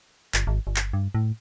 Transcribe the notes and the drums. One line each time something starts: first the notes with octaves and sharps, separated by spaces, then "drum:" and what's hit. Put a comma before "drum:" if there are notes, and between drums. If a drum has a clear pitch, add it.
G1, drum: clap
G#1
G1
drum: clap
G2
A2